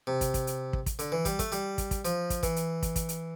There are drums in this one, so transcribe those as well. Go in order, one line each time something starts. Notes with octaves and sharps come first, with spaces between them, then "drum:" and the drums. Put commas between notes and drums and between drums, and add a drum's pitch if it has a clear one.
C3
drum: kick, hi-hat
drum: kick, hi-hat
drum: hi-hat
drum: kick
drum: kick, hi-hat
D3, drum: hi-hat
E3
G3, drum: kick, hi-hat
A3, drum: kick, hi-hat
G3, drum: hi-hat
drum: kick, hi-hat
drum: kick, hi-hat
F3, drum: hi-hat
drum: kick, hi-hat
E3, drum: kick, hi-hat
drum: hi-hat
drum: kick, hi-hat
drum: kick, hi-hat
drum: hi-hat